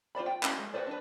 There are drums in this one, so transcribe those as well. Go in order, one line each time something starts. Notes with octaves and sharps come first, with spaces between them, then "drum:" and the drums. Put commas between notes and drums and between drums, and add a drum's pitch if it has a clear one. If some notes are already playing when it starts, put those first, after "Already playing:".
F4 C5 D5 B5
G5
C#4 E4 F#4, drum: clap
G#3
F#4 G#4 B4 C5 D5
D4 B4